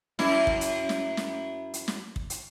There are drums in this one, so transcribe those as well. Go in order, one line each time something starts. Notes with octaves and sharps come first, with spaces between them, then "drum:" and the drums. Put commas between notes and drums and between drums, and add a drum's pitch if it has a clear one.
F#2 E4, drum: snare
drum: kick
drum: hi-hat
drum: snare
drum: snare
drum: hi-hat
drum: snare
drum: kick
drum: hi-hat